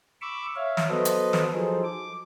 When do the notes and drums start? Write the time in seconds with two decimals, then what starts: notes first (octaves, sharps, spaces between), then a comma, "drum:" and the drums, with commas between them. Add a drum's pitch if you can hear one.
0.21 B5 C#6 D6 E6
0.56 C#5 E5 F5
0.77 drum: snare
0.89 F#3 B3 A4 B4 C5 D#5
1.05 drum: hi-hat
1.33 drum: snare
1.53 F3 F#3 D#4 G#4 A4 C5
1.84 D6